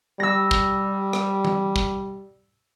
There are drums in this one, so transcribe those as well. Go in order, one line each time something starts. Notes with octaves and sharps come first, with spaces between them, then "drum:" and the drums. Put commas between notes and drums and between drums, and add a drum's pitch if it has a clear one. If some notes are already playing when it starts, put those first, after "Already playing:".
G3 E6 A#6
drum: kick
drum: rim click
drum: tom E3
drum: kick